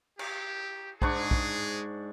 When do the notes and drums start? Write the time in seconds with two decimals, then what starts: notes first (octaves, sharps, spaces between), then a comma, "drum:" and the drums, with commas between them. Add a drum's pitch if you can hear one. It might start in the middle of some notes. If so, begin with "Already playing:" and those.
0.19 G4, drum: cymbal
1.02 G#2 G#3 D4 G#4 C#6, drum: kick
1.31 drum: kick